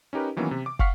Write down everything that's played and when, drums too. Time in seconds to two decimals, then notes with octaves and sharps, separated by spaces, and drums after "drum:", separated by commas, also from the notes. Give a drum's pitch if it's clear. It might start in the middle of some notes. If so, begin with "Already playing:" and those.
0.13 C#4 D#4 G4 A#4 B4
0.37 D#3 E3 F#3 A#3 B3 C#4
0.51 C3
0.66 D6
0.79 F5 F#5 C#6 F6 B6 C7, drum: kick